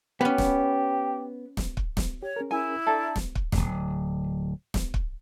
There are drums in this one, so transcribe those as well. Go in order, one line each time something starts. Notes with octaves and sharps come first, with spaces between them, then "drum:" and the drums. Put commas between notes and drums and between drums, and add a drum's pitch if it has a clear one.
B3 C#4 G4 B4
drum: snare
drum: snare
drum: kick
drum: snare
G4 C#5
C#4 G#4 A#4
E4 G#5
D4 A4 E5 A5 A#5
drum: snare
drum: kick
D1 G1, drum: snare
drum: snare
drum: kick